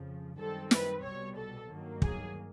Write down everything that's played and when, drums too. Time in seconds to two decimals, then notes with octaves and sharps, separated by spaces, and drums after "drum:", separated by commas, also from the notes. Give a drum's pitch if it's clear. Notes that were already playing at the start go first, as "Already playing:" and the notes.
Already playing: F2 C#3 F3
0.38 F#2 D#3 G3 C4 A4
0.71 B4, drum: snare
1.03 C2 B2 G3 C#5
1.36 A4
1.69 G2 D#3 F#3 A#3
2.02 G#4, drum: kick